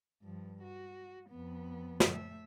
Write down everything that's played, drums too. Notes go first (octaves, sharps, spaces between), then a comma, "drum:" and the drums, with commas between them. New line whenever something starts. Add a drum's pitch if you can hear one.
G2 F3
F#4
F2 B3
drum: snare
A3 E5